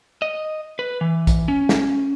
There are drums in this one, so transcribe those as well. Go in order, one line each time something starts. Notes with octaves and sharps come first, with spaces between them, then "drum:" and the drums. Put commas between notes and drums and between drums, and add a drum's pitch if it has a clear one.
D#5
B4
E3
drum: kick, hi-hat
C#4
drum: snare